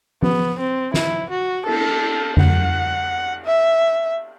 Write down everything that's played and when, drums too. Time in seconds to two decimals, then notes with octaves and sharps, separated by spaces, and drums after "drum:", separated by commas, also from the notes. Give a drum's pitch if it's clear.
0.23 B3, drum: tom F3
0.59 C4
0.94 E4, drum: snare
1.30 F#4
1.66 A4, drum: cymbal
2.37 F#5, drum: tom F2
3.45 E5